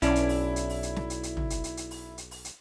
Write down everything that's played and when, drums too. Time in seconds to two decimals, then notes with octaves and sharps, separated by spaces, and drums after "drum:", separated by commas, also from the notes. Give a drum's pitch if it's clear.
0.02 B1 C#4 D4 E4, drum: hi-hat
0.16 drum: hi-hat
0.29 drum: open hi-hat
0.56 drum: hi-hat
0.69 drum: open hi-hat
0.83 drum: hi-hat
0.96 drum: snare
1.10 drum: hi-hat
1.23 drum: hi-hat
1.37 drum: tom
1.50 drum: hi-hat
1.64 drum: hi-hat
1.77 drum: hi-hat
1.91 drum: open hi-hat
2.18 drum: hi-hat
2.31 drum: open hi-hat
2.45 drum: hi-hat